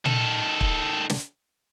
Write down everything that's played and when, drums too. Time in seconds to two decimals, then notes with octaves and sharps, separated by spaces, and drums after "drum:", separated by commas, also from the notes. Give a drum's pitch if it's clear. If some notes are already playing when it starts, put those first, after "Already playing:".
0.05 D#3 A4, drum: tom A#2
0.61 drum: kick
1.10 drum: snare